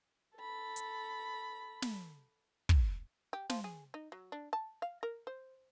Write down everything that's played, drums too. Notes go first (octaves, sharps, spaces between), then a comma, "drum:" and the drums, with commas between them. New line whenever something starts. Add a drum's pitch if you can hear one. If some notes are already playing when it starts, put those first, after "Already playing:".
A4 B5
drum: hi-hat
drum: snare
drum: kick
G4
F3, drum: snare
G#4
D#4
F#3
D4
A5
F5
A#4
C5